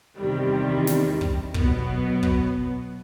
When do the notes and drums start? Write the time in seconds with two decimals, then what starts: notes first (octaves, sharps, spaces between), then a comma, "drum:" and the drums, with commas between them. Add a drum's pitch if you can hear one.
0.19 E2 C3 D#3 G3
0.87 drum: snare
1.21 drum: kick
1.54 B2 F#3 B3, drum: kick
2.23 drum: kick